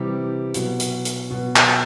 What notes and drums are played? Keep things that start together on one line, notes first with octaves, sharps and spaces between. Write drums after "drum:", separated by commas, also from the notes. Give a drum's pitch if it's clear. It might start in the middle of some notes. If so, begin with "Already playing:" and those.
Already playing: C3 E3 G3 G4
B2 F#3, drum: hi-hat
drum: hi-hat
drum: hi-hat
B2 F#3
drum: clap